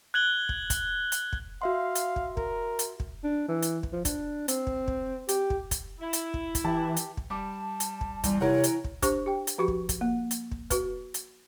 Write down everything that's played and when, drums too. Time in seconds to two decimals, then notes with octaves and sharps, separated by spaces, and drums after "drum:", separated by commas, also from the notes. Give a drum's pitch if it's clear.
0.14 F#6 G#6 F#7 G7
0.49 drum: kick
0.70 drum: kick, hi-hat
1.12 drum: hi-hat
1.33 drum: kick
1.62 F#4 E5 F5 C6
1.95 drum: hi-hat
2.16 drum: kick
2.37 A#4, drum: kick
2.79 drum: hi-hat
3.00 drum: kick
3.24 D4
3.49 E3
3.62 drum: hi-hat
3.83 drum: kick
3.93 F3
4.05 D4, drum: kick, hi-hat
4.48 C4, drum: hi-hat
4.67 drum: kick
4.88 drum: kick
5.29 G4, drum: hi-hat
5.50 drum: kick
5.71 drum: kick, hi-hat
6.00 E4
6.13 drum: hi-hat
6.34 drum: kick
6.55 drum: kick, hi-hat
6.64 E3 G4 A5
6.96 drum: hi-hat
7.17 drum: kick
7.30 G3 A5 D6
7.80 drum: hi-hat
8.01 drum: kick
8.24 E2 G3, drum: kick, hi-hat
8.41 C3 E3 E4 A#4 C#5 F#5
8.64 drum: hi-hat
8.84 drum: kick
9.02 D4 G4 C5 C#6, drum: kick, hi-hat
9.26 G4 G5
9.47 drum: hi-hat
9.58 F3 F#4 G4 C#6
9.68 drum: kick
9.89 drum: kick, hi-hat
10.01 A#3
10.31 drum: hi-hat
10.52 drum: kick
10.70 F#4 B4, drum: kick, hi-hat
11.14 drum: hi-hat